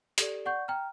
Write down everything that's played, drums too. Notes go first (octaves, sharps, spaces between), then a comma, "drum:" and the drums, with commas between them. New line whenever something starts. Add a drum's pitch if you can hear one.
G4 A4 D5, drum: hi-hat
D5 F#5 C#6 G6
G5 A#5 F6